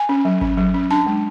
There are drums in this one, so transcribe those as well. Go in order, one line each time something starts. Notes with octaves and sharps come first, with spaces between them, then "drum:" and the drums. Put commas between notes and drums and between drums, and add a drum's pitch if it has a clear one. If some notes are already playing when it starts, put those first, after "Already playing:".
Already playing: G#5
C#4
F#3
C#4, drum: kick G#1
F#3
C#4
D4 A5
G#3